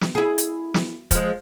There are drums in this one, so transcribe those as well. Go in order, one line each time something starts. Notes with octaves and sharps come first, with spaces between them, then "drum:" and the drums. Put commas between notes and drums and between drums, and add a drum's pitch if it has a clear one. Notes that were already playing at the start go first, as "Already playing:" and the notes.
drum: snare
E4 G#4
drum: hi-hat
drum: snare
F3 G#3, drum: kick, hi-hat